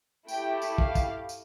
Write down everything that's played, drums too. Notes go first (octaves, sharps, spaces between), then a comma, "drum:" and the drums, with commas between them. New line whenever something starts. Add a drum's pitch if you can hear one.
A3 E4 G4 G5, drum: tambourine
drum: tambourine
F5, drum: kick
drum: kick, tambourine
drum: tambourine